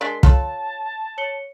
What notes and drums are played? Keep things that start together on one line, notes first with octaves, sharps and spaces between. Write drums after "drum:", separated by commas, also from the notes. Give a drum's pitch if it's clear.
G#3 D4 A#4 D5 D#5 C6 B6
F4 A4 C#5 A5, drum: kick
C#5 C#7 G7